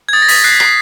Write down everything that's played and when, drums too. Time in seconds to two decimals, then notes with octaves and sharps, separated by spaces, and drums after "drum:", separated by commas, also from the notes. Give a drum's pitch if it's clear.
0.09 G#6
0.13 D#6 A6
0.22 A#6
0.28 D#6 B6, drum: open hi-hat
0.44 F#6 C7
0.52 B6
0.60 F#6 C7, drum: rim click